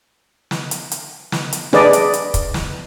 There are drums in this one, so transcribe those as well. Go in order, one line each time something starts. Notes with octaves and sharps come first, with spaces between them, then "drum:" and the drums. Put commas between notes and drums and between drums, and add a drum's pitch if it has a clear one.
drum: snare
drum: hi-hat
drum: hi-hat
drum: snare
drum: hi-hat
D4 G#4 B4 D5 D#5, drum: snare
drum: hi-hat
drum: hi-hat
drum: kick, hi-hat
drum: snare